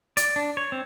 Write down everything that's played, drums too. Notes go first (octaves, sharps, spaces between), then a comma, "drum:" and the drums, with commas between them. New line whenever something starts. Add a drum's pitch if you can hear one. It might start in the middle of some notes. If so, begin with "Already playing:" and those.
D5, drum: hi-hat
D4
C#5
C4